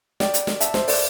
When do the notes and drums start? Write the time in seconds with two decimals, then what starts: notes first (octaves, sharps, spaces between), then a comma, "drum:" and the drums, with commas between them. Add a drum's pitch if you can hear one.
0.20 D5 G5, drum: snare
0.34 drum: hi-hat
0.47 drum: snare
0.60 E5 A5, drum: hi-hat
0.74 C5 E5, drum: snare
0.88 A4 D5, drum: open hi-hat